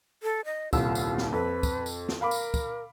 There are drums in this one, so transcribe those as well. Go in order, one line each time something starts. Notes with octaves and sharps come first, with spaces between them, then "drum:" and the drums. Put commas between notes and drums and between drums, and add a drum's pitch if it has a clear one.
A4
D#5
D#1 C2 F4 E6, drum: kick, tambourine
drum: tambourine
drum: snare
F2 B4
drum: kick, tambourine
drum: tambourine
drum: snare
A#4 F5 B5 D6
drum: tambourine
drum: kick, tambourine